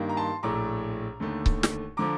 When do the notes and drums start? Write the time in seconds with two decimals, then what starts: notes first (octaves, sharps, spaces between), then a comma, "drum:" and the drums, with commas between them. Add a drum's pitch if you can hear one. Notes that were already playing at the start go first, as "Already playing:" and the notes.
Already playing: G2 D#3 A#3
0.09 A#5
0.17 A5 C6
0.43 A#1 A2 A3 A#5 D6
1.20 D#2 D3 A3
1.46 drum: kick C#1
1.63 drum: snare
1.97 D3 F3 A#5 D6